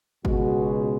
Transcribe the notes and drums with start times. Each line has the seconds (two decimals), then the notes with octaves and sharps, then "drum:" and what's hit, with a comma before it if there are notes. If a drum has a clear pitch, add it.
0.25 C#2 B2 G#3 F#4, drum: kick G1